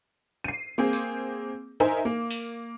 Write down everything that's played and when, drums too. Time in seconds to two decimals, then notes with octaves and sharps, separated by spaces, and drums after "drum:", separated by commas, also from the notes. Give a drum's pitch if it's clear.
0.44 C7 D#7
0.78 A#3 C4 G#4
0.93 drum: tambourine
1.80 D#4 A#4 C5 E5 G#5 A#5
2.05 A#3
2.30 drum: open hi-hat